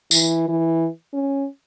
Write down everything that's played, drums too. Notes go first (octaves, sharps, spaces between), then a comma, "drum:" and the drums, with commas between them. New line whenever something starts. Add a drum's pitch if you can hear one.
E3, drum: tambourine
E3
C#4